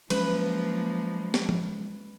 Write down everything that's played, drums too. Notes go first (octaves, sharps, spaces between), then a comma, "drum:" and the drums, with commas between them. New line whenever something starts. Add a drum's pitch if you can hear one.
F3 F#3 G#3 A#3 C#4 B4, drum: cymbal
drum: snare
drum: tom F3